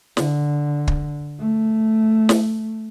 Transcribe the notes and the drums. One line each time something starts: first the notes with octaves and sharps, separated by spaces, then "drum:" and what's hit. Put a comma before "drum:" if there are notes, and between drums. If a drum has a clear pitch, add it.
D3, drum: snare
drum: kick
A3
drum: snare